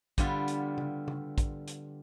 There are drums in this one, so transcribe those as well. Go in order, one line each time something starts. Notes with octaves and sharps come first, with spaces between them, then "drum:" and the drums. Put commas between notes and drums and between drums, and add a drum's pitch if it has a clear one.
D3 G3 B3 F4, drum: kick, hi-hat
drum: hi-hat
drum: tom C#3
drum: tom C#3
drum: kick, hi-hat
drum: hi-hat